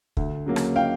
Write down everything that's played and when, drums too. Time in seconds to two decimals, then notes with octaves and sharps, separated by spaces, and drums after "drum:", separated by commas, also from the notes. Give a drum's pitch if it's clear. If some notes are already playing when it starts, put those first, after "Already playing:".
0.17 D2, drum: kick
0.46 C#3 F#3 A#3
0.56 drum: rim click
0.76 F5 G5